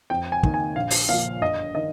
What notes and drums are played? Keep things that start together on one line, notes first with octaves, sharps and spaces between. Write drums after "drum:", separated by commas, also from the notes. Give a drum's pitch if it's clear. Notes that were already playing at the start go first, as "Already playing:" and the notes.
F2 G5
G#5
D#3 A#3, drum: kick
G#5
A#1 F5
drum: open hi-hat
A#2 F3 F5
G1 D#5
D#3 D#5